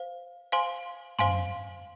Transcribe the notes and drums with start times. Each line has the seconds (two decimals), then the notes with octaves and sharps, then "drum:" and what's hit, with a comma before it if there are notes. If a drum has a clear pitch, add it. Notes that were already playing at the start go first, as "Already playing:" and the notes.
Already playing: C5 F5
0.52 C5 F5 G#5 C6
1.19 C5 F5 G#5 C6, drum: tom